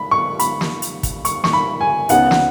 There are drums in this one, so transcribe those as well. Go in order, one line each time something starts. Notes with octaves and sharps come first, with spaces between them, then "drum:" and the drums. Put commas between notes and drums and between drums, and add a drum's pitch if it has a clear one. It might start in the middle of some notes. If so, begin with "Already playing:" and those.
Already playing: B5
C#6
B5, drum: hi-hat
drum: snare
drum: hi-hat
drum: kick, hi-hat
C#6, drum: hi-hat
C#6, drum: snare
B5
G#5
C#2 C#3 B3 D#4 F#5, drum: hi-hat
drum: snare